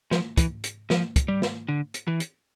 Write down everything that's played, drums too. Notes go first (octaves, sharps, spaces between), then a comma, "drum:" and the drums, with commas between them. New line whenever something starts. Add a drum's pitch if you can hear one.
F3, drum: snare
E3, drum: kick, hi-hat
drum: hi-hat
F3, drum: snare
drum: kick, hi-hat
G3
drum: snare
D3
drum: hi-hat
E3
drum: hi-hat